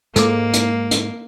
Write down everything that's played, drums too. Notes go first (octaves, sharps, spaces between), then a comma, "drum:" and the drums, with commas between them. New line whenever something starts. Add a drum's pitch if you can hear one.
G#2 G#3 A#3 A4 D6, drum: hi-hat
drum: hi-hat
drum: hi-hat